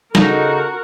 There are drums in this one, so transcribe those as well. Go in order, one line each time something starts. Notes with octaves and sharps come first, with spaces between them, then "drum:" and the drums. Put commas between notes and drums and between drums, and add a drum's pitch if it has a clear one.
C#3 D#4 F#4 A4 A#4, drum: snare